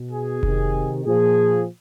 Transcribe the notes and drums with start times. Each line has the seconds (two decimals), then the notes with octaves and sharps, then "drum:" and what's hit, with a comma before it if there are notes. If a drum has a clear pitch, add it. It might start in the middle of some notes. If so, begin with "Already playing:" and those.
Already playing: B2
0.12 G#4
0.43 C3 D#3, drum: kick F1
1.06 A#2 F3 G#4